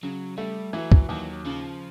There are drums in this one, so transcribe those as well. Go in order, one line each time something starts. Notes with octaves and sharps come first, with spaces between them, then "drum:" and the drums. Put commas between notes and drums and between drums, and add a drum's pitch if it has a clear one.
C#3 F#3
G3 A3
E3 F#3
drum: kick
D#2 F#3
C#3 F3